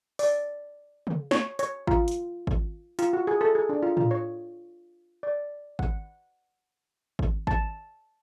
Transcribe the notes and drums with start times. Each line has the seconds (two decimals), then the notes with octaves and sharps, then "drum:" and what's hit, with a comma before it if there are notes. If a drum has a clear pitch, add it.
0.19 D5, drum: open hi-hat
1.07 drum: tom C#3
1.31 C#5, drum: snare
1.59 C#5, drum: hi-hat
1.87 F4, drum: kick G#1
2.08 drum: hi-hat
2.47 drum: kick G#1
2.99 F4, drum: hi-hat
3.13 F#4
3.27 G#4
3.41 A4
3.55 G#4
3.69 D4
3.83 F4
3.97 F4, drum: tom A2
4.11 C#5
5.23 D5
5.79 F#5, drum: kick G#1
7.19 drum: kick G#1
7.47 A5, drum: kick G#1